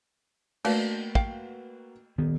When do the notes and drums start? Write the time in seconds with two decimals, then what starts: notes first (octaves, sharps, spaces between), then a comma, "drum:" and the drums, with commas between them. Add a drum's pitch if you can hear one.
0.65 A3 A#3 D4 F#4 B4, drum: cymbal
1.15 F5 G5, drum: kick
2.18 D#1 D#3 B3